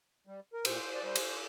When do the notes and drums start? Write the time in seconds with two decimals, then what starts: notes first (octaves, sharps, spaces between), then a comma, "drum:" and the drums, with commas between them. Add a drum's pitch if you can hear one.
0.27 G3
0.53 A#4
0.65 A#2 C5, drum: cymbal
0.94 D5
1.03 G3 C5
1.16 drum: cymbal